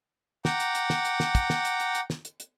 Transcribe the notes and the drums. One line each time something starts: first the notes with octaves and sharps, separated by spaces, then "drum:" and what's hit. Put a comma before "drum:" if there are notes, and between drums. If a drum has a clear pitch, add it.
F#5 G5 A#5 D6, drum: snare
drum: hi-hat
drum: hi-hat
drum: snare
drum: hi-hat
drum: snare
drum: kick, hi-hat
drum: snare
drum: hi-hat
drum: hi-hat
drum: hi-hat
drum: snare
drum: hi-hat
drum: hi-hat